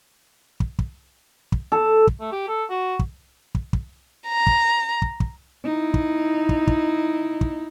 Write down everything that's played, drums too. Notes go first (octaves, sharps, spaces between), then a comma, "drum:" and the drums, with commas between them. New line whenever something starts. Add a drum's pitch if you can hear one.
drum: kick
drum: kick
drum: kick
A4
drum: kick
A3
G4
A4
F#4
drum: kick
drum: kick
drum: kick
A#5
drum: kick
drum: kick
drum: kick
D#4 E4
drum: kick
drum: kick
drum: kick
drum: kick